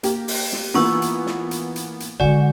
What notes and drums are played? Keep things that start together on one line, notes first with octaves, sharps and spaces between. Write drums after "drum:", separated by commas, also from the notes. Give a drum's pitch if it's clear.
A#3 G4, drum: hi-hat
drum: open hi-hat
drum: snare
E3 A#3 B3 F4 C#6 E6
drum: hi-hat
drum: snare
drum: hi-hat
drum: hi-hat
drum: hi-hat
D3 G#3 F#4 D5 G#5